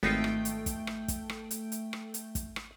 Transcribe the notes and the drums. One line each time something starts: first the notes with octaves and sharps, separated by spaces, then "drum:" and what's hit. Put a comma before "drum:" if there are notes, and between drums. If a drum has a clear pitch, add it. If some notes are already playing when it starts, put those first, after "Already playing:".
G#1 A3 B3 D#4 F4 G5
drum: rim click
drum: hi-hat
drum: kick, hi-hat
drum: rim click
drum: kick, hi-hat
drum: rim click
drum: hi-hat
drum: hi-hat
drum: rim click
drum: hi-hat
drum: kick, hi-hat
drum: rim click